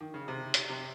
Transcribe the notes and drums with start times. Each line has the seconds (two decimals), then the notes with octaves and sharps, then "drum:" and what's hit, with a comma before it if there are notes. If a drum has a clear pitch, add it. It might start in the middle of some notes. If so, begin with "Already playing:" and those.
0.01 D#3
0.14 C#3
0.28 C3
0.54 drum: hi-hat
0.69 C3